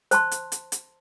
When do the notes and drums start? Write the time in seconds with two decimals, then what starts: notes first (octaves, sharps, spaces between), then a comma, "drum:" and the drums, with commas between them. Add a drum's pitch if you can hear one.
0.11 C5 A5 C6, drum: hi-hat
0.31 drum: hi-hat
0.52 drum: hi-hat
0.72 drum: hi-hat